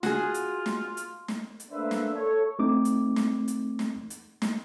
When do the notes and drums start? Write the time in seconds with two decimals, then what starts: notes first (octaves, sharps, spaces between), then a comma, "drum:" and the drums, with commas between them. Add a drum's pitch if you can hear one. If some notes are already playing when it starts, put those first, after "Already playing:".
0.03 F4 F#4 G#4, drum: snare
0.34 drum: hi-hat
0.66 drum: snare
0.97 drum: hi-hat
1.28 drum: snare
1.60 drum: hi-hat
1.71 A3 A#3 D4 B4 C5 E5
1.91 drum: snare
2.14 A4 C#5
2.59 A3 C4 D#4 D6
2.85 drum: hi-hat
3.16 drum: snare
3.48 drum: hi-hat
3.79 drum: snare
4.10 drum: hi-hat
4.42 drum: snare